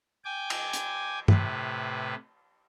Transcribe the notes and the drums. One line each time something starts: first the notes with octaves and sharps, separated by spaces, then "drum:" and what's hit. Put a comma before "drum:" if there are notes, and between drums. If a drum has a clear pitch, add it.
G5 G#5 D6
drum: cymbal
drum: hi-hat
A2 C3 B4, drum: tom G2